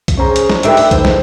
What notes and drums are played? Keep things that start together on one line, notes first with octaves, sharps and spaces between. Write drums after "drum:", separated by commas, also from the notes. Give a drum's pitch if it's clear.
drum: kick C2, hi-hat
C#4 G#4 C5 A#5
drum: hi-hat
drum: snare
D2 D4 D#4 G4 A4 B4 E5, drum: hi-hat
drum: open hi-hat
D#3 C5, drum: kick C2, hi-hat
drum: snare